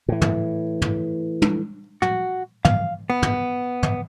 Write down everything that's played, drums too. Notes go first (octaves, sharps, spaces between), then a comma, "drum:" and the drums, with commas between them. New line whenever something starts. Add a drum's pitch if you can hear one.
A2 E3
drum: tom
drum: tom
drum: tom
F#4, drum: tom
F5, drum: tom
B3
drum: tom
drum: tom